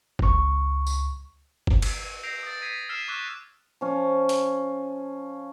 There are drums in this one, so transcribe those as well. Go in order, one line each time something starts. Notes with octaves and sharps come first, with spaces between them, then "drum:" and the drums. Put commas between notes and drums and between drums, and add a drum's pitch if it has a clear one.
C#2 C#6, drum: kick F#1
drum: tambourine
drum: kick F#1
drum: cymbal
G6 A#6 C7 D7 F7
D#6 A6
G#6 B6 C7 D#7
E6 F6 B6 C7 E7
C#6 D6 E6 F#6 B6 E7
F3 C#4
drum: hi-hat